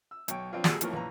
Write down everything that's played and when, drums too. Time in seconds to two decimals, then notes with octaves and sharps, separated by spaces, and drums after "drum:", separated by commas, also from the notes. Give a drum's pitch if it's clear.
0.11 E6
0.28 B1 C#5 G5, drum: hi-hat
0.51 F3 C4 D4 F4 B4 C#5
0.64 A#2 G3 F#4 G#4 A4 E6, drum: snare
0.81 D#2 E3 F3 A3 C#4 A#4, drum: hi-hat
0.93 A#1 E3 B4 C#5 A#5